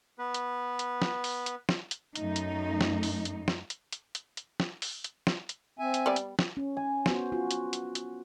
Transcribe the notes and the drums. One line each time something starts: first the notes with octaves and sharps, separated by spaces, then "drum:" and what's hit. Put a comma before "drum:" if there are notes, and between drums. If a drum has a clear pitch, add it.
B3 B4
drum: hi-hat
drum: hi-hat
drum: snare
drum: open hi-hat
drum: hi-hat
drum: snare
drum: hi-hat
F#2 A3 D#4, drum: hi-hat
drum: hi-hat
drum: snare
drum: open hi-hat
drum: hi-hat
drum: snare
drum: hi-hat
drum: hi-hat
drum: hi-hat
drum: hi-hat
drum: snare
drum: open hi-hat
drum: hi-hat
drum: snare
drum: hi-hat
C4 E5 G#5
drum: hi-hat
G3 B3 D5
drum: hi-hat
drum: snare
C#4
G#5
B3 F#4 C5, drum: snare
F4 F#4
drum: hi-hat
drum: hi-hat
drum: hi-hat